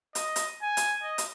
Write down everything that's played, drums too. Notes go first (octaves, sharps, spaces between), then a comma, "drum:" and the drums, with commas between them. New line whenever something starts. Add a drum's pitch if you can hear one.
D#5, drum: hi-hat
drum: hi-hat
G#5
drum: hi-hat
D#5
drum: hi-hat